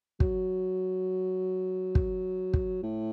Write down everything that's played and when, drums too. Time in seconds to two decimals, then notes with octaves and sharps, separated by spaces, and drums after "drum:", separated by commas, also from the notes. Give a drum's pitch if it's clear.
0.20 F#3, drum: kick
1.95 drum: kick
2.54 drum: kick
2.83 A2